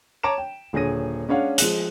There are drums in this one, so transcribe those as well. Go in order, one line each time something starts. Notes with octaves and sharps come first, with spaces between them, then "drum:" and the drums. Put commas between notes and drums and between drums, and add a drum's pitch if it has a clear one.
C#5 A5 A#5 D6 D7 E7
G5
D#1 D3 G#4 C#5 A#6 D#7
G#3 C#4 D4 C#5 F5 F#5
F3 G#3 F#6, drum: hi-hat